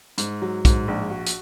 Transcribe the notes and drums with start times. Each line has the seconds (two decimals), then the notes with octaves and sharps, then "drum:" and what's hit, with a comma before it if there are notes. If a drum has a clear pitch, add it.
0.18 G#2, drum: hi-hat
0.42 F#3
0.65 G#2, drum: kick, hi-hat
0.88 A#1
1.10 F#4
1.26 drum: hi-hat